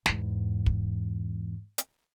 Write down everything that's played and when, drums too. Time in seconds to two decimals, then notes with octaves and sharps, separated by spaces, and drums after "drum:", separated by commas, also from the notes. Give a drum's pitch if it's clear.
0.06 E2 G#2, drum: snare
0.66 drum: kick
1.78 drum: hi-hat